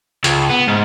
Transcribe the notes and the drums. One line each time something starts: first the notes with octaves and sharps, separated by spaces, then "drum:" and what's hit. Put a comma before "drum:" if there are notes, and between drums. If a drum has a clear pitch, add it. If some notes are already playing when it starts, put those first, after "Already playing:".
C#2, drum: hi-hat
B3
G#2